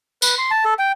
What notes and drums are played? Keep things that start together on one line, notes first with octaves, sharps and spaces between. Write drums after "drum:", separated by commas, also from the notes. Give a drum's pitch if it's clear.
B4, drum: tambourine
C6
A5
A4
G5